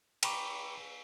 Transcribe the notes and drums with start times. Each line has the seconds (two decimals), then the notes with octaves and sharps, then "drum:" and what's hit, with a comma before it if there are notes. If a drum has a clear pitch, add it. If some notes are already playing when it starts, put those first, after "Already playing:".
0.23 G5 A#5 B5 C#6 D6, drum: cymbal